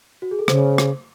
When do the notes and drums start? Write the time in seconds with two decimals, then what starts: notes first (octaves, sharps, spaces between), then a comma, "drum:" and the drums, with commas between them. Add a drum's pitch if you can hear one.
0.22 F#4
0.31 G#4
0.39 A4
0.48 C#3 C5, drum: rim click
0.78 drum: rim click